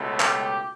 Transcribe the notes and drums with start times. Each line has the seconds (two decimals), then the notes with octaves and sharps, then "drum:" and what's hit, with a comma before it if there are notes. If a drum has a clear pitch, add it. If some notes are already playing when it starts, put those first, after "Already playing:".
Already playing: C#2 B2 A3
0.20 G4, drum: clap